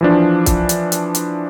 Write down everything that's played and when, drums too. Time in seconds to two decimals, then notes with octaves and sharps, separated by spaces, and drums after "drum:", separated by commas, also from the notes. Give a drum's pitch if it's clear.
0.01 E3 F3 D4
0.46 drum: kick, hi-hat
0.69 drum: hi-hat
0.92 drum: hi-hat
1.15 drum: hi-hat